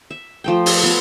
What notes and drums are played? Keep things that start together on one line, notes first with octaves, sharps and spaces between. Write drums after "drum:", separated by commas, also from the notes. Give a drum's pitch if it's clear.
E5
F3 A3 G5
drum: open hi-hat
B3 F4